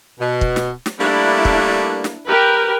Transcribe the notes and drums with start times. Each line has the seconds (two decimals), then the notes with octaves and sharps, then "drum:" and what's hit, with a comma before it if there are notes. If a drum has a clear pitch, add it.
0.20 B2
0.41 drum: kick
0.56 drum: snare
0.86 drum: snare
1.01 G3 A3 A#3 D4 E4
1.45 drum: kick
2.04 drum: snare
2.27 G4 A#4 B4